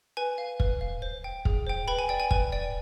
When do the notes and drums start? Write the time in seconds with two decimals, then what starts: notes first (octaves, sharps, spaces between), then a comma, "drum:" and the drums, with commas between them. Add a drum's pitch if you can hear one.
0.17 B4 G#5
0.38 F5
0.60 B4, drum: kick
0.81 F5
1.02 C5
1.24 G5
1.45 G#4, drum: kick
1.67 C5 G5
1.88 B4 G5 B5
1.99 G#5
2.09 D5 G5
2.20 G#5
2.31 B4 G#5, drum: kick
2.52 D5 G5